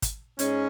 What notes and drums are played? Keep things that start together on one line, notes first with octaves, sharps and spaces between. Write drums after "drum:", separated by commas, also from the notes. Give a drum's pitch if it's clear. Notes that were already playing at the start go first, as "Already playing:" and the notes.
drum: kick, hi-hat
G#2 G#3 C#4, drum: hi-hat